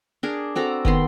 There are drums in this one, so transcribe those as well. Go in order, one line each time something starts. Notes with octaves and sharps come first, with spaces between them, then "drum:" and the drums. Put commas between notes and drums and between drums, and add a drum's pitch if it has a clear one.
D4 G#4 A#4
C4 F#4 A4 A#5
D#3 B3 C6, drum: kick